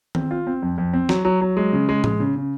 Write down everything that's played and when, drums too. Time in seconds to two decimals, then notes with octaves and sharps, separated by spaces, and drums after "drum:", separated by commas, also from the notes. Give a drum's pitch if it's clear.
0.15 C4, drum: tom D#3
0.31 F4
0.47 C4
0.62 F2
0.78 F2
0.93 C4
1.09 F#3, drum: snare
1.25 F#3
1.41 F#3
1.57 G#3
1.73 C#3
1.89 G#3
2.04 G#3, drum: tom A2
2.20 C#3
2.36 C#3